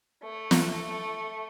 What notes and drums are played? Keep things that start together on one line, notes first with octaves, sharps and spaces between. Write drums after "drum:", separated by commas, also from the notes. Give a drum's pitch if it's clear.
A3
drum: snare